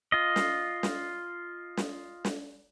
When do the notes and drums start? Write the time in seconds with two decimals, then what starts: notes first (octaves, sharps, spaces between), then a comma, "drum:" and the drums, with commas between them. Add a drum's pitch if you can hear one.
0.12 F4 D#5
0.36 drum: snare
0.83 drum: snare
1.77 drum: snare
2.25 drum: snare